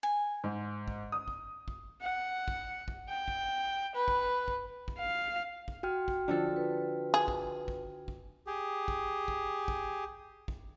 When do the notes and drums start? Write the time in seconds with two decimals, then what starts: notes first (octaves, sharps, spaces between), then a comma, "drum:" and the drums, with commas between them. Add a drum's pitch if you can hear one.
0.03 G#5
0.44 G#2
0.88 drum: kick
1.12 D#6
1.28 drum: kick
1.68 drum: kick
2.02 F#5
2.48 drum: kick
2.88 drum: kick
3.10 G5
3.28 drum: kick
3.95 B4
4.08 drum: kick
4.48 drum: kick
4.88 drum: kick
4.99 F5
5.68 drum: kick
5.83 F#4 G5 F6
6.08 drum: kick
6.28 D3 F3 A4
6.56 B4
7.14 G#4
7.28 drum: kick
7.68 drum: kick
8.08 drum: kick
8.47 G4 G#4
8.88 drum: kick
9.28 drum: kick
9.68 drum: kick
10.48 drum: kick